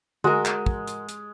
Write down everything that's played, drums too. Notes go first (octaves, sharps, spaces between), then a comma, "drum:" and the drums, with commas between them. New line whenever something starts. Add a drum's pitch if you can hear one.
G#3 F#4 A#4, drum: tom D3
drum: clap
drum: kick
drum: hi-hat
drum: hi-hat